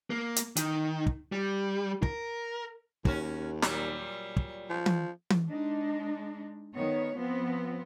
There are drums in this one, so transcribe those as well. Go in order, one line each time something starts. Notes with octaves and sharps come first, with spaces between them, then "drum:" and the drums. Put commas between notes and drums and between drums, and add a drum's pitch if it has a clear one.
A#3
drum: hi-hat
D#3, drum: hi-hat
drum: kick
G3
A#4, drum: kick
D#2 C#4 F#4, drum: kick
A#2 F#3 G3, drum: snare
drum: kick
F3
drum: tom E3
drum: tom E3
G#3 D4 D#4
D#3 B3 C#5
F3 B3 C4